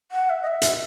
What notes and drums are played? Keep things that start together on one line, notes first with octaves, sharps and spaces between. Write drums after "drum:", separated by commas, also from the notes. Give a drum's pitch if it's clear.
F#5
E5
D#5
E5
drum: hi-hat